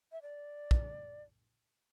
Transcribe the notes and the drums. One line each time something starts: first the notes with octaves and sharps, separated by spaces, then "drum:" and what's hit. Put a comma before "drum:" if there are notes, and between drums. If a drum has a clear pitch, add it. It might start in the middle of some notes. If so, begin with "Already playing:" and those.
E5
D5
drum: kick